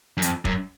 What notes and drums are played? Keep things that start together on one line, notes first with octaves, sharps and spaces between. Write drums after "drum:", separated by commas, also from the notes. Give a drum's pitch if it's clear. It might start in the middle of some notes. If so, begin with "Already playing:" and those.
F#2
F2, drum: hi-hat
F#2, drum: kick